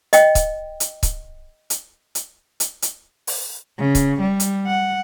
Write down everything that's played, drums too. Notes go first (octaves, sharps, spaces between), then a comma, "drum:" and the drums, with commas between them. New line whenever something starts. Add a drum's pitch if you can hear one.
D#5 G5, drum: hi-hat
drum: kick C#1, hi-hat
drum: hi-hat
drum: kick C#1, hi-hat
drum: hi-hat
drum: hi-hat
drum: hi-hat
drum: hi-hat
drum: open hi-hat
C#3
drum: kick C#1, hi-hat
G3
drum: hi-hat
F#5